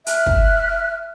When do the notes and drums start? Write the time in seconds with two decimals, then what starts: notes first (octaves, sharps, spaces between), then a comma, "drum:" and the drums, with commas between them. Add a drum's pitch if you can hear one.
0.06 E5 F6 F#6, drum: hi-hat
0.26 drum: kick